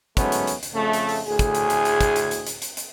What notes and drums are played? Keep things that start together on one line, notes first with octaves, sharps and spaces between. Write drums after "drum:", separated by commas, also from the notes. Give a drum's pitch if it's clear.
G#2 F#3 A3 B3 C#4, drum: kick, hi-hat
drum: hi-hat
drum: hi-hat
drum: hi-hat
F2 C#3 A3
drum: hi-hat
drum: open hi-hat
D2 A2 G#4
drum: kick, hi-hat
drum: hi-hat
drum: hi-hat
drum: hi-hat
drum: kick, hi-hat
drum: hi-hat
drum: hi-hat
drum: hi-hat
drum: hi-hat
drum: hi-hat